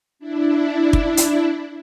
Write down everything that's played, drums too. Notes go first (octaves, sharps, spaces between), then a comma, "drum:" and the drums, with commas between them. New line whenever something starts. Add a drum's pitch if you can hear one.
D4 E4
drum: kick
drum: hi-hat